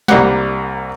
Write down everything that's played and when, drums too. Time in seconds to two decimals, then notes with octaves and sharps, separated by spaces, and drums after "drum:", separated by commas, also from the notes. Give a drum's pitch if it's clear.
0.08 C2 G3 A#3 F#5, drum: snare